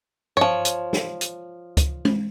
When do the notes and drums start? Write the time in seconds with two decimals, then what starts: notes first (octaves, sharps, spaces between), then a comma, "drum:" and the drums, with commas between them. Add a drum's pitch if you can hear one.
0.37 F3 C#5, drum: tom G2
0.65 drum: hi-hat
0.93 drum: snare
1.21 drum: hi-hat
1.77 drum: kick C#2, hi-hat
2.05 drum: tom G#3